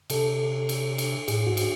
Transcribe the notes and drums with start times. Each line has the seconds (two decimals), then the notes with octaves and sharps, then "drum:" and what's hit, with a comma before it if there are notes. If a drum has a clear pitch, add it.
0.10 C3 A4, drum: cymbal
0.69 drum: cymbal
0.98 drum: cymbal
1.28 A2 G#4, drum: cymbal
1.47 G#2 F#4
1.57 drum: cymbal